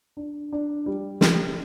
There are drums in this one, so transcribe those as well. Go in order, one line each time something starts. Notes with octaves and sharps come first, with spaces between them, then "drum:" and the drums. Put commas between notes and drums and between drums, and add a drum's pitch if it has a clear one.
D4
D4
G3
G3, drum: snare